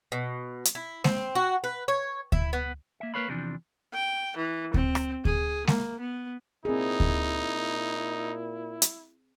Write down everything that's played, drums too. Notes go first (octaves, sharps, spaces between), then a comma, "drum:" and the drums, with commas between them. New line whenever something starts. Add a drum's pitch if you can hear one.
B2
drum: hi-hat
E4
C4, drum: snare G#3
F#4
B4
C#5
E4, drum: kick D2
B3
A#3 E5
A#3 A#4 B4 C#5 F5 B5
E2 C3 E3 F3 D4
G5
E3
C4, drum: kick D2
drum: rim click
G#4, drum: kick D2
A#3, drum: snare G#3
B3
A#2 C4 D#4 E4 G#4
drum: kick D2
drum: hi-hat